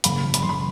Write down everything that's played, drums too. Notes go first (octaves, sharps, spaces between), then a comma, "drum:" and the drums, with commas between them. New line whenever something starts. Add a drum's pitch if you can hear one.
F#1 B5, drum: hi-hat
F#1
B5, drum: hi-hat
F#1 C6
B5